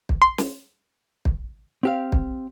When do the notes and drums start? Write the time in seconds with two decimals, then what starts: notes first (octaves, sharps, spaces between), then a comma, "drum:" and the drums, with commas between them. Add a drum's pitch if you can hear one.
0.09 drum: kick
0.22 C6
0.38 drum: snare
1.25 drum: kick
1.83 C4 G4 F5
2.12 drum: kick